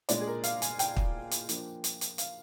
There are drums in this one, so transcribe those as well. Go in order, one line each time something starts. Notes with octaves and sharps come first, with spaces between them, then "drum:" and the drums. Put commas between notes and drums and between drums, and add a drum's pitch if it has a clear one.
A#2 G#3 D4 D5, drum: hi-hat
G#4
A#4
F5, drum: hi-hat
G#5, drum: hi-hat
G5, drum: hi-hat
drum: kick
drum: hi-hat
F3 A#3 D4, drum: hi-hat
drum: hi-hat
drum: hi-hat
F5, drum: hi-hat